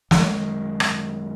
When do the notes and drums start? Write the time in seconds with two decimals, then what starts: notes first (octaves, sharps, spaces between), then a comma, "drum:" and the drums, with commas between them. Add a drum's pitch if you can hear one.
0.11 F#2 D#3 G#3, drum: snare
0.80 drum: rim click